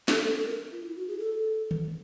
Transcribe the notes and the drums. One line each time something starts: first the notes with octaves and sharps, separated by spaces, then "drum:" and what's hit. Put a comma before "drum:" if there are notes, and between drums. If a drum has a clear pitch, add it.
A4, drum: snare
A4
A4
A#4
F4
E4
F#4
G#4
A4
drum: tom D#3